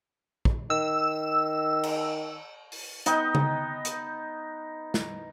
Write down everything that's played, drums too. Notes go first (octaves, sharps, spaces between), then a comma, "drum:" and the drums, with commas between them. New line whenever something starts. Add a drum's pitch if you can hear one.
drum: kick
D#3 E6
drum: cymbal
drum: open hi-hat
B3 D#4 D#5 G5, drum: hi-hat
drum: tom C#3
drum: hi-hat
drum: snare